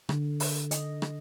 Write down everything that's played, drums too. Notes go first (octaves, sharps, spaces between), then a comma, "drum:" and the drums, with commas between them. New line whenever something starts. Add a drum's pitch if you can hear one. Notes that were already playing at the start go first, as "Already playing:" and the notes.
D3, drum: rim click
drum: open hi-hat
D#5, drum: hi-hat
drum: rim click